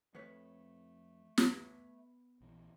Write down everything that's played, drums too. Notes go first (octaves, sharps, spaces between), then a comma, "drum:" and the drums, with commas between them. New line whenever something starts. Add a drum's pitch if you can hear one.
F2 A3 B4 C#5
B3, drum: snare
A#1 E3